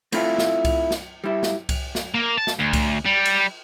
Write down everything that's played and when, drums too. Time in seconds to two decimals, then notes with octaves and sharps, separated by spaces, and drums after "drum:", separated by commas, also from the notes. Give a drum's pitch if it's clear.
0.12 A3 C4 E4 F4, drum: cymbal
0.38 drum: snare
0.65 drum: kick C2, cymbal
0.91 drum: snare
1.24 G3 E4
1.43 drum: snare
1.69 drum: kick C2, cymbal
1.95 drum: snare
2.14 A#3
2.38 A5
2.47 drum: snare
2.60 D2
2.73 drum: kick C2, cymbal
3.06 G3
3.25 drum: cymbal